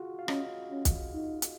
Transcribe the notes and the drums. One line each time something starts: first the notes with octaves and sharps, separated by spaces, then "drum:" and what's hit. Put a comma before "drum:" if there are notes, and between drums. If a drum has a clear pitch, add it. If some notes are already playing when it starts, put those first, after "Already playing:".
Already playing: F4 F#4 G#4
F5
C#4 D#5, drum: rim click
C#4
drum: kick B1, hi-hat
D#4
drum: hi-hat